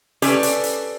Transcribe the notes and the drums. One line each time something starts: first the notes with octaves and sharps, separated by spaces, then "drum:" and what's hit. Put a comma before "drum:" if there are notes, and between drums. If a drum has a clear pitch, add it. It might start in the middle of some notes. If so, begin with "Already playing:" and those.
C#4 G4 A4 B4 D5, drum: hi-hat
drum: hi-hat
drum: hi-hat